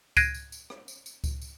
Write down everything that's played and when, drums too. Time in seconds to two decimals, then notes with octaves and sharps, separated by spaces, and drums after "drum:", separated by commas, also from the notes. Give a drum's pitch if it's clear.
0.17 F#6 G#6 A#6 C7 D7 D#7, drum: kick C#2, tambourine
0.34 drum: tambourine
0.52 drum: tambourine
0.70 drum: rim click
0.88 drum: tambourine
1.06 drum: tambourine
1.24 drum: kick C#2, tambourine
1.41 drum: tambourine